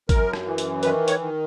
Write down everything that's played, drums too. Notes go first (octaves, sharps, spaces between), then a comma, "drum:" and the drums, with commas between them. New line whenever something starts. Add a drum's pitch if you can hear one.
F#2 A#4, drum: kick, hi-hat
drum: rim click
E3
drum: hi-hat
D#3 B4, drum: hi-hat
C#5, drum: hi-hat
D#3